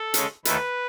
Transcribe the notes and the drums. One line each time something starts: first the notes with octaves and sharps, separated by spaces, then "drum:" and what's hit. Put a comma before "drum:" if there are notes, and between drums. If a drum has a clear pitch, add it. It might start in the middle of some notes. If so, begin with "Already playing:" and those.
Already playing: A4
C#3 G#3 C#4, drum: hi-hat
D#2 D#3 A3 E4 B4, drum: hi-hat